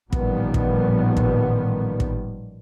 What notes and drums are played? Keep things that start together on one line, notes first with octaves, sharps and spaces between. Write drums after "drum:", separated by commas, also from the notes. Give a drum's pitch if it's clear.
A1 A#2 D#3 F3 G3 B3, drum: kick
drum: kick
drum: kick
drum: kick